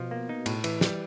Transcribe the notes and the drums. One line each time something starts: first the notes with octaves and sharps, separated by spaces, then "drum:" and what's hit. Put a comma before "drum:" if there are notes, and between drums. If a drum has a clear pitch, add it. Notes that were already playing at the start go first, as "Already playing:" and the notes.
Already playing: B2 F3
A#3
D#4
A2, drum: cymbal
E3, drum: cymbal
G3, drum: snare